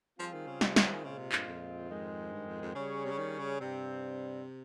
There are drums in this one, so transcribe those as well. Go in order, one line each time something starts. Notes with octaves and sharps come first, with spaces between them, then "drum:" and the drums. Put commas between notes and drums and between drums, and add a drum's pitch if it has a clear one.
F3 G3 C4 F4 G#4
D#3
C#3
C3, drum: snare
C#3, drum: snare
D#3
A#2 C#3 G#3 C4 F4
C3
G2, drum: clap
F2
G#2 D#3 G#3
G2
F2
F2
C#3 G3 C#4 G#4 C#5
C3
C#3
D#3
C#3
G2 C3 G3 C4